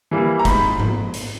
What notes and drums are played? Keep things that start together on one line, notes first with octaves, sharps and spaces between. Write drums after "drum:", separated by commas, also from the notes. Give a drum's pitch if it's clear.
E3 G3 A#3
A#5
G#2 B5, drum: kick, hi-hat
drum: tom
drum: hi-hat